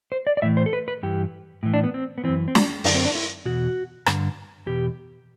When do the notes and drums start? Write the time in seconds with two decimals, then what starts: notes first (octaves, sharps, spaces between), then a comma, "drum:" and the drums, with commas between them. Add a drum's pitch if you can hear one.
0.12 C5
0.27 D5
0.37 D5
0.42 A2 E3 E5
0.57 C5
0.66 A4
0.73 B4
0.88 B4
1.03 G2 E3 G4
1.63 A2 E3
1.74 D4
1.84 B3
1.94 C4
2.18 B3
2.24 F#2 E3 C4
2.48 C4
2.55 D4, drum: snare
2.84 F#2 D3 D4, drum: open hi-hat
2.94 C4
3.05 D4
3.15 E4
3.45 E2 B2 F#4
4.06 G2 D3, drum: rim click
4.66 E2 B2 G4